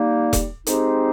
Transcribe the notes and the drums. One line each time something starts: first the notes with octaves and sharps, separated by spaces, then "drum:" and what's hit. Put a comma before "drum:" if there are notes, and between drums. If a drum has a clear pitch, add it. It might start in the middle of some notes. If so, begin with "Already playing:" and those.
Already playing: G3 A#3 D#4
drum: kick E1, hi-hat
G#3 C4 D#4 G4 C5, drum: hi-hat